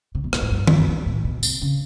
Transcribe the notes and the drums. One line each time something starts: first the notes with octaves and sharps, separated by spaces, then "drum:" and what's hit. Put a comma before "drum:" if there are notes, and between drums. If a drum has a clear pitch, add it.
C3
B2
A#2, drum: rim click
A2
G2
drum: tom
F#2
G2
A2
B2
C3, drum: tambourine
C#3